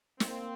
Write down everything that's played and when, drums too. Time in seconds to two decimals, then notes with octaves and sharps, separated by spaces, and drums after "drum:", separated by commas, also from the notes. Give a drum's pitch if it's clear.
0.20 A#3 C4, drum: snare